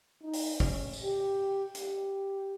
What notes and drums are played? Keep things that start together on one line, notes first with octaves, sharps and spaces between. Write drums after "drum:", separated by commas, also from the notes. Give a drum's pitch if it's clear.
D#4
drum: open hi-hat
C#4, drum: kick
drum: tambourine
G4
G4, drum: hi-hat